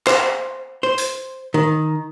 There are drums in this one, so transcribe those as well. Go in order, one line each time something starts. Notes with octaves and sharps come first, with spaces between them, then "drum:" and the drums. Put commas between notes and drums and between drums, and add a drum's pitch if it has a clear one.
C5, drum: clap
C5
drum: hi-hat
D#3